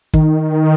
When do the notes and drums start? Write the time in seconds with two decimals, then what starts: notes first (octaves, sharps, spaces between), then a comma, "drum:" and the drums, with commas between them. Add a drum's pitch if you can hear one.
0.14 D#3, drum: kick